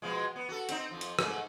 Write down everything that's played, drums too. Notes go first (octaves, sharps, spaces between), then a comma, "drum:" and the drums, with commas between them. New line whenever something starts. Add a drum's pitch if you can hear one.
B2 F3 G#3
B3
F#4 A4
C4 D#4, drum: hi-hat
F2 F3
drum: hi-hat
G#2 A3, drum: rim click